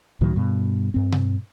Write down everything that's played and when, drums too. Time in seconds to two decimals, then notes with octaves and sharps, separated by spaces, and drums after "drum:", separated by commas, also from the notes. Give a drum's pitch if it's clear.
0.21 C#2 A2 D#3 F#3
0.36 G2 B2
0.94 G2 C4
1.12 drum: tom B2